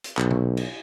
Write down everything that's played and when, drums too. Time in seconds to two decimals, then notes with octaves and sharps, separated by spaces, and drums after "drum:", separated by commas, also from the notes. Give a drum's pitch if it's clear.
0.04 drum: hi-hat
0.17 B1, drum: clap
0.31 drum: tom
0.57 drum: cymbal